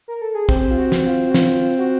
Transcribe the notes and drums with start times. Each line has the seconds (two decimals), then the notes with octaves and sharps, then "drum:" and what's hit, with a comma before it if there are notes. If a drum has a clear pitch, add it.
0.08 A#4
0.22 A4
0.35 G#4
0.49 C4 G4, drum: kick
0.71 F4
0.78 F#4
0.92 drum: snare
1.06 F4
1.30 F#4
1.34 F4, drum: snare
1.78 F#4